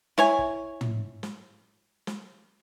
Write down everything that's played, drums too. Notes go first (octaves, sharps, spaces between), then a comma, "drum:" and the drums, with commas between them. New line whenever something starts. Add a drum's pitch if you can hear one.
E4 C#5 G#5, drum: snare
drum: kick
drum: tom
drum: snare
drum: snare